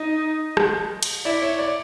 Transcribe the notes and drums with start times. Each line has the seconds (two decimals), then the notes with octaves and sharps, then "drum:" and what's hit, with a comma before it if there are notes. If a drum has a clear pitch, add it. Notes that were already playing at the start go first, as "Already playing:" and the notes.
Already playing: D#4 D#5
0.57 drum: rim click
1.03 drum: cymbal
1.25 E4 D5
1.42 C#5
1.59 D5